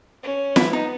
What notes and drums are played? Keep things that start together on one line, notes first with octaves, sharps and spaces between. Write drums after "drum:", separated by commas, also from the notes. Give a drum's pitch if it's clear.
C#4
B3 E4, drum: snare
D#4